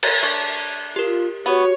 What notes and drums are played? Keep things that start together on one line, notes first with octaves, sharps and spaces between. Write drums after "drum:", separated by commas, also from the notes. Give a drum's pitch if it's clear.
drum: cymbal
A3 D4
F4 G4 A#4
B3 F#4 G4 C#5